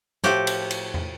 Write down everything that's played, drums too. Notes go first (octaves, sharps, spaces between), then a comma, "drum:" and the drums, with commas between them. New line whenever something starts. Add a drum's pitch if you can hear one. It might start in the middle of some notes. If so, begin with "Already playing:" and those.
A2 F3 F#4 G4, drum: snare
drum: cymbal
drum: cymbal
drum: tom E2